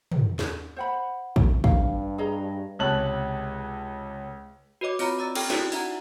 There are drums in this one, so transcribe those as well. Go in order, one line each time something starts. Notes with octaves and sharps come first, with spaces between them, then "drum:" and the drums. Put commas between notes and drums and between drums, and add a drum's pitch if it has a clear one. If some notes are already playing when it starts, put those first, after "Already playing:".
drum: tom
drum: snare
C5 F#5 B5
drum: kick
G2 F5, drum: kick
G#4 D#5 A#5
C#2 C3 C#5 A5 F#6 F#7
F#4 B4 C#5 D#5 D6
C4 F4 C#5 A#5 B5, drum: open hi-hat
D5 A#5 E6 A6
C#4 G4 A4 G5 C#6 F6, drum: cymbal
E4 F#4 D5 B6, drum: snare
D#4 E5 F#5 A#5, drum: open hi-hat